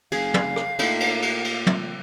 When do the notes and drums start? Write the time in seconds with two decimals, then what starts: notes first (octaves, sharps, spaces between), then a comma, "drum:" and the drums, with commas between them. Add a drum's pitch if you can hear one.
0.12 F#1 G#4 F5, drum: cymbal
0.34 drum: tom
0.56 drum: rim click
0.79 A#2 A3 D#4 B5, drum: cymbal
1.00 drum: cymbal
1.22 drum: cymbal
1.44 drum: cymbal
1.66 drum: tom